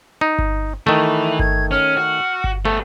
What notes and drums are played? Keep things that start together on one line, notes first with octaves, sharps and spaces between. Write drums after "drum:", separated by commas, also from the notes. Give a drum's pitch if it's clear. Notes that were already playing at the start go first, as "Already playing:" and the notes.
D#4
drum: kick G1
D#3 E3 A3 E5
G#6, drum: kick G1
C#4 F6
F#4
drum: kick G1
A3 B3 A4